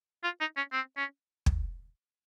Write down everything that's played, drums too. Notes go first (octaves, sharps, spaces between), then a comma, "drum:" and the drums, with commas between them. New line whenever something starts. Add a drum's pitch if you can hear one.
F4
D#4
C#4
C4
C#4
drum: kick